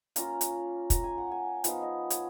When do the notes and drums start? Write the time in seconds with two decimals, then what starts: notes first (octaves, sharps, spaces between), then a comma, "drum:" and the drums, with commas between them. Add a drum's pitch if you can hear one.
0.16 A#3 C#4 F4 A#5, drum: hi-hat
0.41 drum: hi-hat
0.90 A#5, drum: kick, hi-hat
1.04 G#5
1.18 F#5
1.32 G#5
1.64 F3 B3 D#4 F5, drum: hi-hat
1.82 D#5
2.10 C#5, drum: hi-hat